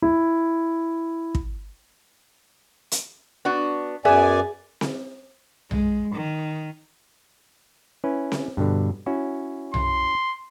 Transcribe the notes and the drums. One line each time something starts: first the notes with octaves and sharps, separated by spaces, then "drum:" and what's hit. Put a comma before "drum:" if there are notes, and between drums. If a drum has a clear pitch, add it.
E4
drum: kick
drum: hi-hat
B3 D4 F#4
F#2 B3 G#4 D5 E5 G#5
drum: snare C4
G#3, drum: tom B1
D#3
C#4 E4 B4
drum: snare C4
G2 B2 D3
C#4 E4 F#4
C6, drum: tom B1